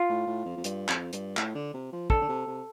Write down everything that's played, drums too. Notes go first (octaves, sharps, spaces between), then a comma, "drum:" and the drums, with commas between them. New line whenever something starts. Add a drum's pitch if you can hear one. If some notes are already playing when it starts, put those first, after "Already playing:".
Already playing: F4
A2
A2
F2
F2
G2, drum: hi-hat
F2, drum: clap
G2, drum: hi-hat
A2, drum: clap
D3
C3
F3
D3 A4, drum: kick
D3
C3
C3